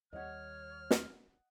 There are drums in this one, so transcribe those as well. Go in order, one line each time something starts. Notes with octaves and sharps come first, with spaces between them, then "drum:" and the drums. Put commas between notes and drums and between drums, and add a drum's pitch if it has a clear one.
D#2 G3 C#5 D#5 F#5 F6
drum: snare